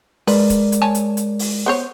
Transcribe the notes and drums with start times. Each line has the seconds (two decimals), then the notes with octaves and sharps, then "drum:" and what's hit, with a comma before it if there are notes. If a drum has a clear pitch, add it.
0.27 G#3 A#4 B4 D5, drum: open hi-hat
0.50 drum: kick C#1, hi-hat
0.72 drum: hi-hat
0.82 C#5 G#5 A5
0.95 drum: hi-hat
1.17 drum: hi-hat
1.39 drum: open hi-hat
1.66 B3 C5 C#5